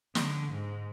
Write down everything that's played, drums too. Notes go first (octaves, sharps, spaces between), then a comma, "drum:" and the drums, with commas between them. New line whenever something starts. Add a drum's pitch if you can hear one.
D3, drum: snare
G#2